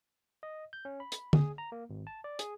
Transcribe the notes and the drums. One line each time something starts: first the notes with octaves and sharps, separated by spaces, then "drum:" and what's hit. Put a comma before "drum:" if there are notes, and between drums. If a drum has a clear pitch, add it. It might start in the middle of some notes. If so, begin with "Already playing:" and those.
D#5
G6
C#4
B5
drum: hi-hat
G#4, drum: tom
A#5
A#3
G#1
A5
D5
G#4, drum: hi-hat